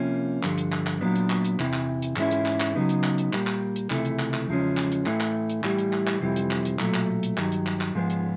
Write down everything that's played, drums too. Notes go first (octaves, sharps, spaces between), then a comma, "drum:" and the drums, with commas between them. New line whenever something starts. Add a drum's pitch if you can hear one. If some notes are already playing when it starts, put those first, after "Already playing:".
Already playing: C3 F3 A#3 C#4
G2 D3 F3, drum: clap
drum: hi-hat
drum: clap
drum: clap
A#2 F#3 B3 D4
drum: hi-hat
drum: clap
drum: hi-hat
E2 C3 E3, drum: clap
drum: clap
drum: hi-hat
G#2 E3 G#3 C#4 E4, drum: clap
drum: hi-hat
drum: clap
drum: clap
C#3 F#3 B3 D#4
drum: hi-hat
drum: clap
drum: hi-hat
A#2 G3 A#3, drum: clap
drum: clap
drum: hi-hat
C#2 C3 E3 A3, drum: clap
drum: hi-hat
drum: clap
drum: clap
E2 C#3 F3 G#3 C#4
drum: clap
drum: hi-hat
A2 E3 A3, drum: clap
drum: clap
drum: hi-hat
A2 E3 G3, drum: clap
drum: hi-hat
drum: clap
drum: clap
F2 C3 E3 G3 C4
drum: hi-hat
drum: clap
drum: hi-hat
B1 A#2 F#3 A3, drum: clap
drum: clap
drum: hi-hat
G2 D#3 F#3, drum: clap
drum: hi-hat
drum: clap
drum: clap
G#2 F3 G#3 B3
drum: hi-hat